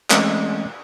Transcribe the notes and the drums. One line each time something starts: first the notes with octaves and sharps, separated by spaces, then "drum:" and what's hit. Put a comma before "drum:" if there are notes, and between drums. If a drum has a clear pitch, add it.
E3 G#3 A3 C4 C#4 D#5, drum: clap